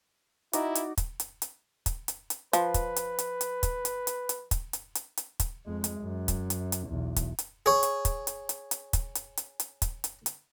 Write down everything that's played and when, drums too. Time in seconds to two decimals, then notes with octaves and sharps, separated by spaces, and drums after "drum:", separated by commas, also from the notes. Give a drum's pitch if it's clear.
0.53 D#4 E4 F#4 D5, drum: hi-hat
0.75 drum: hi-hat
0.98 drum: kick, hi-hat
1.20 drum: hi-hat
1.42 drum: hi-hat
1.86 drum: kick, hi-hat
2.08 drum: hi-hat
2.30 drum: hi-hat
2.53 F3 B4, drum: hi-hat
2.74 drum: kick, hi-hat
2.96 drum: hi-hat
3.19 drum: hi-hat
3.41 drum: hi-hat
3.63 drum: kick, hi-hat
3.85 drum: hi-hat
4.07 drum: hi-hat
4.29 drum: hi-hat
4.51 drum: kick, hi-hat
4.73 drum: hi-hat
4.95 drum: hi-hat
5.17 drum: hi-hat
5.40 drum: kick, hi-hat
5.66 F2 G#3
5.84 drum: hi-hat
6.00 F#2
6.28 drum: kick, hi-hat
6.50 drum: hi-hat
6.72 drum: hi-hat
6.88 B1 E2
7.16 drum: kick, hi-hat
7.39 drum: hi-hat
7.66 G#4 C#5
7.83 drum: hi-hat
8.05 drum: kick, hi-hat
8.27 drum: hi-hat
8.49 drum: hi-hat
8.71 drum: hi-hat
8.93 drum: kick, hi-hat
9.15 drum: hi-hat
9.37 drum: hi-hat
9.60 drum: hi-hat
9.82 drum: kick, hi-hat
10.04 drum: hi-hat
10.26 drum: hi-hat